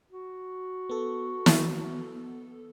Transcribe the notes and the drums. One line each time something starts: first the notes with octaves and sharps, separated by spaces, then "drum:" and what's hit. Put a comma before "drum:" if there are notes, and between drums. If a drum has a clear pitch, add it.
F#4
B3 A4
drum: snare